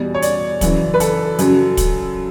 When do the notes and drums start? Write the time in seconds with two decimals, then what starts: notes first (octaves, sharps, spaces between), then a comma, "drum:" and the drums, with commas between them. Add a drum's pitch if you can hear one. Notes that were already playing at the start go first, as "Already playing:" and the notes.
Already playing: E2 B2 G3 D5
0.14 C#5
0.22 D5, drum: hi-hat
0.61 F#2 C#3 E3, drum: kick, hi-hat
0.94 B4
1.00 A4, drum: hi-hat
1.39 F#2 C#3 F#3, drum: hi-hat
1.77 drum: kick, hi-hat